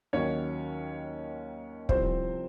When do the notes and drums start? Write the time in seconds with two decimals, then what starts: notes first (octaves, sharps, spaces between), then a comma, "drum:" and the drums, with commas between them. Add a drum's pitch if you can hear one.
0.13 D#2 D#3 F#3 C#4 C#5
1.89 C2 C3 F3 C4 C5, drum: kick